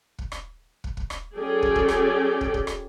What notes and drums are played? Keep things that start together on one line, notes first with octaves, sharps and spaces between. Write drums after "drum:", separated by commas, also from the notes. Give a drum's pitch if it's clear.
drum: kick
drum: rim click
drum: kick
drum: kick
drum: rim click
F#3 C#4 G#4 A4 D5 G5
drum: kick
drum: kick
drum: rim click
drum: kick
drum: kick
drum: rim click